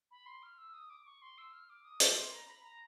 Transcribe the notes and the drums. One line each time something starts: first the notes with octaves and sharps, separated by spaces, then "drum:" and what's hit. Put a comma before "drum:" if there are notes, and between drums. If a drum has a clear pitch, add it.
B5
C6
F6
E6
D#6
D6
C#6
C6
E6
F6
D6
D#6
D6, drum: hi-hat
C6
A#5
B5
A#5